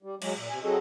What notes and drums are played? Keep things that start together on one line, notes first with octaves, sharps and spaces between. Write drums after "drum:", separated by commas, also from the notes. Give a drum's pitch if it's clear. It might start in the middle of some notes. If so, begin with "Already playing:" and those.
G3
F#3 G#3, drum: cymbal
A#2
C3 G#5
F#3 C4 F#4 G#4 A4 D#5